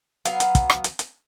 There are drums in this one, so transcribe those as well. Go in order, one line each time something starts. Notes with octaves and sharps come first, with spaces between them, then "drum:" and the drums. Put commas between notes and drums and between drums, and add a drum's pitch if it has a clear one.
F#3 B3 F5, drum: hi-hat
drum: hi-hat
drum: kick, hi-hat
drum: rim click
drum: hi-hat
drum: hi-hat